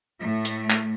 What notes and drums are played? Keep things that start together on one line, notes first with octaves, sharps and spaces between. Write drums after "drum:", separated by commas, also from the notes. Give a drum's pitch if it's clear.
A2 A3
drum: hi-hat
drum: clap